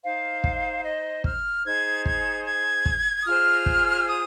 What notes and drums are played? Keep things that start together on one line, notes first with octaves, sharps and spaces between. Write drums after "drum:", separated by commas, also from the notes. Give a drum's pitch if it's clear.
D#4 C5 F5
drum: kick
D#5
F6, drum: kick
D#4 G#4 C5 G#6
G#6, drum: kick
G#6
drum: kick
D#6
F4 G#4 C5 F6
drum: kick
D#6